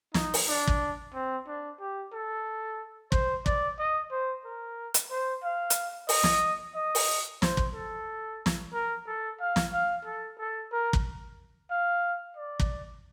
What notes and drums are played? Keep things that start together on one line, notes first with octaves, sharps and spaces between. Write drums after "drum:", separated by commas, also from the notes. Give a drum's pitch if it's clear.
D#4, drum: snare
drum: open hi-hat
D4
drum: kick
C4
D4
G4
A4
C5, drum: kick
D5, drum: kick
D#5
C5
A#4
drum: hi-hat
C5
F5
drum: hi-hat
D#5, drum: open hi-hat
drum: snare
D#5
drum: open hi-hat
C5, drum: snare
drum: kick
A4
drum: snare
A#4
A4
F5
drum: snare
F5
A4
A4
A#4
drum: kick
F5
D5
drum: kick